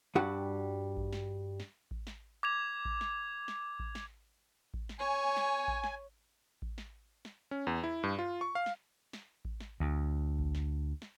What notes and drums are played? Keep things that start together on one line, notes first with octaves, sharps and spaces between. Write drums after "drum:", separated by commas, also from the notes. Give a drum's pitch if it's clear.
G2 G3 F#4 F#5
drum: kick A1
drum: snare
drum: snare
drum: kick A1
drum: snare
D6 G#6 F7
drum: kick A1
drum: snare
drum: snare
drum: kick A1
drum: snare
drum: kick A1
drum: snare
C#5 G#5
drum: snare
drum: kick A1
drum: snare
drum: kick A1
drum: snare
drum: snare
C#4
E2
E4
G2
F4
C#6
F5
drum: snare
drum: snare
drum: kick A1
drum: snare
D2
drum: kick A1
drum: snare
drum: snare